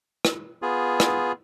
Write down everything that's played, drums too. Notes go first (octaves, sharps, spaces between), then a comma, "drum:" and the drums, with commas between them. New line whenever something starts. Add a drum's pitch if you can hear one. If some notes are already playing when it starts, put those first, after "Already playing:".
drum: rim click
B3 F4 G#4
drum: rim click